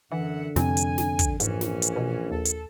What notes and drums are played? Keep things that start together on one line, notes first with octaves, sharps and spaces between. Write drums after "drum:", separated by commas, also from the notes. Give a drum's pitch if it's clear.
F#2 D3 E3 E5 F#5
F2 C3 C4 G#5, drum: snare
drum: hi-hat
drum: snare
drum: kick, hi-hat
A#1 G#2 E3 C#4, drum: hi-hat
drum: snare
drum: hi-hat
B2
D#2 A4
drum: hi-hat